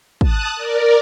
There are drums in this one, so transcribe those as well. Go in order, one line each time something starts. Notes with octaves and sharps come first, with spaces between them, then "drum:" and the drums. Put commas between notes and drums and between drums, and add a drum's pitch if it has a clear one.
A5 D#6 F#6, drum: kick
A#4 D5